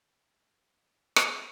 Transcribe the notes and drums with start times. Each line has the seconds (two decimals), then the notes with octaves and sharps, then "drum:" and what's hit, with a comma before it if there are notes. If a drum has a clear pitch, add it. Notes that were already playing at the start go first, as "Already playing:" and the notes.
Already playing: A3
0.12 F3
0.25 G3
0.37 F3
0.54 D3
1.16 drum: rim click